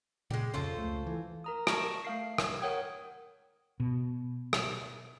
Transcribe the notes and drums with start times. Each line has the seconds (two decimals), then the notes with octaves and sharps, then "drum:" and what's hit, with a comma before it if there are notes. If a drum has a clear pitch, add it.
0.30 A#2 C#3 G#3 G4
0.54 F2 C#3 C#4 F4 A4 C5
0.76 C#2 A3
1.06 E3
1.44 A#4 A#5 D#6
1.67 A5 C#6 F6 A#6, drum: rim click
2.05 A3 F5 C7
2.38 drum: rim click
2.61 A#4 C#5 F#5 G5 D#6 G#6
3.80 B2
4.53 drum: rim click